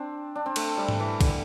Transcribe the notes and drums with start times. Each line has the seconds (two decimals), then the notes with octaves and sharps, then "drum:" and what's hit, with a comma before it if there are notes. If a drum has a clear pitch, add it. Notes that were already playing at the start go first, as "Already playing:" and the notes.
Already playing: C4 D4
0.35 D4
0.46 C4
0.56 A3, drum: cymbal
0.77 G3
0.89 drum: tom G#2
1.00 E3
1.21 D3, drum: kick, cymbal